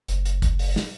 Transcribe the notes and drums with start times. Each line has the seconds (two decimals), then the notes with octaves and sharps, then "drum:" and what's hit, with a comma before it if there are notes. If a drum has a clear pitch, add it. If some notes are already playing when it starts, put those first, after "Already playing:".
0.08 F#1, drum: hi-hat
0.25 drum: hi-hat
0.42 drum: kick, hi-hat
0.59 drum: open hi-hat
0.76 drum: snare